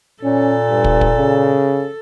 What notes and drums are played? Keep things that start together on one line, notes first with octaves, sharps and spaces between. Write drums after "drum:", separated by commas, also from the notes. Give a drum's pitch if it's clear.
A#2 C#4 A4
G2
drum: kick
drum: kick
C#3